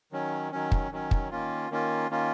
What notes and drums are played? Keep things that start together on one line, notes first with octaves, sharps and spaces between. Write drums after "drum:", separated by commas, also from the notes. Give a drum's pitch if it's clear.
D#3 F#3 C#4
D#3 F#3 C#4
drum: kick
D#3 F#3 C#4
drum: kick
D#3 A#3 C#4 F4
D#3 A#3 C#4 F4
D#3 A#3 C#4 F4